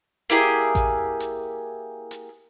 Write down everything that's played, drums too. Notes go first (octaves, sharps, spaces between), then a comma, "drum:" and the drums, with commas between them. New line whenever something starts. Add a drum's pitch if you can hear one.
A#3 E4 G4 G#4
drum: kick A1, hi-hat
drum: hi-hat
drum: hi-hat